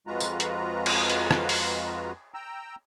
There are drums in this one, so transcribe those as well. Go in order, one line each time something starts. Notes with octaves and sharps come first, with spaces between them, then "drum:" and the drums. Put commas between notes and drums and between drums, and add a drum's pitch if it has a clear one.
F2 G#3 F4 F#4 B4 A#5
drum: tambourine
drum: hi-hat
drum: cymbal
drum: hi-hat
drum: rim click
drum: open hi-hat
G5 A#5 E6